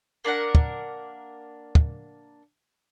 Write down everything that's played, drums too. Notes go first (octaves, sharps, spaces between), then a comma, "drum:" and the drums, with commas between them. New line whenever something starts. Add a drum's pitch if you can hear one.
A#3 D4 A#4 F#5
drum: kick
drum: kick